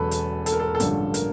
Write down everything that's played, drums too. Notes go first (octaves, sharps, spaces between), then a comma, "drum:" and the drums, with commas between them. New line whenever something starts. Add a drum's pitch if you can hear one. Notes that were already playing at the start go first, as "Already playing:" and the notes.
Already playing: E1 E2 C#3 F#3 A4 B4
drum: hi-hat
A4, drum: hi-hat
A#4
A4
A#4
A4
A1 G2 D3 F3, drum: hi-hat
A#4, drum: hi-hat